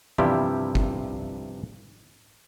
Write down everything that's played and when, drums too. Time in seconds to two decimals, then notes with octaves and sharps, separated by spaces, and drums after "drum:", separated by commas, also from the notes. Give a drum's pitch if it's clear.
0.18 G2 C3 F3 G3 E4 G4, drum: tom E3
0.75 drum: kick